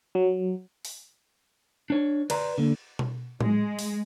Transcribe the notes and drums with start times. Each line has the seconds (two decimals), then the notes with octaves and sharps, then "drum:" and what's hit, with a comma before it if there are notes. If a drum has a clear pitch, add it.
0.15 F#3
0.85 drum: open hi-hat
1.90 D4 C#5
2.30 B4 D5 A#5 C6, drum: cymbal
2.58 D3 A#3
2.99 drum: tom B2
3.41 G#3, drum: tom
3.79 drum: open hi-hat